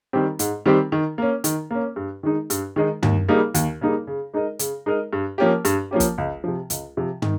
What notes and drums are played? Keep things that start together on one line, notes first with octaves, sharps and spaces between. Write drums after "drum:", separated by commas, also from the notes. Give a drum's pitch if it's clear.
D#3 G3 C4 G4
G#2, drum: hi-hat
D#3 G3 C4 G4
D#3
A#3 C#4
D#3, drum: hi-hat
A#3 C#4
G2
D#3 G#3 D#4
G2, drum: hi-hat
D#3 G#3 D#4
D#2, drum: tom
C#3 G3 A#3 D#4
D#2, drum: hi-hat
C#3 G3 A#3 D#4
C#3
G#3 D#4 A#4 D#5
C#3, drum: hi-hat
G#3 D#4 A#4 D#5
G2
F3 A#3 C#4 G4
G2, drum: hi-hat
F3 A#3 C#4 G4
drum: kick, hi-hat
C#2
C3 F3
C#2, drum: hi-hat
C3 F3
D#3, drum: tom